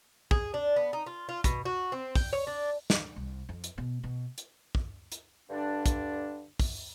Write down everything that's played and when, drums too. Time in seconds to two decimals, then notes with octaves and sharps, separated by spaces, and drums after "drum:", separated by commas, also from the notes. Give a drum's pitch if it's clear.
0.31 G#4, drum: kick
0.54 D4
0.76 B3
0.93 D#4
1.06 F4
1.29 F4
1.44 B2, drum: kick, hi-hat
1.65 F#4
1.92 C4
2.15 G5, drum: kick, open hi-hat
2.33 C#5
2.47 D4
2.90 drum: snare
3.16 C2
3.49 F2
3.64 drum: hi-hat
3.78 B2
4.03 B2
4.38 drum: hi-hat
4.75 drum: kick
5.12 drum: hi-hat
5.49 G2 D3 D4
5.86 drum: kick, hi-hat
6.59 drum: kick, open hi-hat